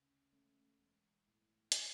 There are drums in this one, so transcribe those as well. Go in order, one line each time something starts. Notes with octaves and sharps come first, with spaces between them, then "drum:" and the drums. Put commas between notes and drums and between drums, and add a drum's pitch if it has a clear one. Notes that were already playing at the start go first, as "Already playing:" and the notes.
Already playing: D2 C#3
E1 A3 C#4
E1
A2
drum: hi-hat